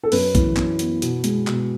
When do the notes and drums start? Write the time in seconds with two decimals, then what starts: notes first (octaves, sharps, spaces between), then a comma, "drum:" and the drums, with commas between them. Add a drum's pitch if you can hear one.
0.03 A4
0.12 F#2 B4, drum: open hi-hat
0.35 E3, drum: kick B1, hi-hat
0.57 F#2, drum: clap
0.79 B3, drum: hi-hat
1.02 B2, drum: hi-hat
1.24 G#3, drum: hi-hat
1.47 B2, drum: clap